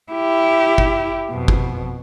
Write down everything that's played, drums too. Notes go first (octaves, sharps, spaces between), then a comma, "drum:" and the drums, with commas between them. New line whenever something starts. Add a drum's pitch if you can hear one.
E4 G4
drum: kick
F2 B2
drum: kick